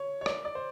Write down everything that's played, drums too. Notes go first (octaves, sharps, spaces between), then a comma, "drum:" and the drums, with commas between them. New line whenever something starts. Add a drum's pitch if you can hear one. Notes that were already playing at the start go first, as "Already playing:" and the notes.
Already playing: C#5
C#5
D5, drum: rim click
D5
C5